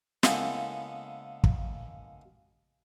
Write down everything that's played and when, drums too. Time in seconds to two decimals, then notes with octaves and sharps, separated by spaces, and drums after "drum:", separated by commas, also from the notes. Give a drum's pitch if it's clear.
0.23 C#3 G#3 A#3 B3 E4 A4, drum: snare
1.44 drum: kick